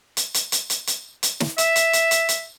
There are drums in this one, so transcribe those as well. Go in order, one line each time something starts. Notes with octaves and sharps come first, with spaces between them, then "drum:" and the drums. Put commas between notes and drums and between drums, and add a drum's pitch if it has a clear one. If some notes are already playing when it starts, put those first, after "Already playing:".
drum: hi-hat
drum: hi-hat
drum: hi-hat
drum: hi-hat
drum: hi-hat
drum: hi-hat
drum: snare
E5, drum: hi-hat
drum: hi-hat
drum: hi-hat
drum: hi-hat
drum: hi-hat